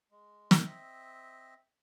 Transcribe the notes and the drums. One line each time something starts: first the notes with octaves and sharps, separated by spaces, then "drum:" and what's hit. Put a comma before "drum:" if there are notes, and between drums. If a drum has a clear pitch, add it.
G#3
drum: snare
C4 D#5 E5